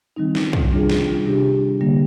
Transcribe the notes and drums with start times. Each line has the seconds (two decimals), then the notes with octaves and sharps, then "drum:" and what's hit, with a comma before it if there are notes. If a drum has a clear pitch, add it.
0.16 D#3 G3 C4 D#4
0.35 drum: snare
0.53 drum: kick
0.71 C3 G3 D4 F4 G#4
0.90 drum: snare
1.25 C3 G3 D4 G4
1.81 D3 G3 A#3